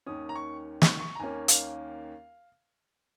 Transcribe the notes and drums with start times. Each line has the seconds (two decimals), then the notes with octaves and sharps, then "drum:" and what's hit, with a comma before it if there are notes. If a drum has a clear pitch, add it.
0.06 D#2 D#3 C#4 D#6
0.29 A#5
0.36 C#6
0.82 C#6, drum: snare
1.01 C#6
1.15 A#5
1.19 D#2 D#3 A#3 C#4 G#5
1.48 F5, drum: hi-hat